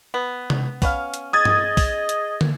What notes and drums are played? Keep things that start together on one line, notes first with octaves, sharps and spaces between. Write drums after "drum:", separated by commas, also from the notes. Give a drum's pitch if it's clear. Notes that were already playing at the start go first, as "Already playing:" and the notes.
B3
drum: tom C3
B3 C#4 F5, drum: kick, open hi-hat
drum: hi-hat
G#4 D#5 D#6 G#6 A6
drum: tom G2
drum: kick, open hi-hat
drum: hi-hat
drum: tom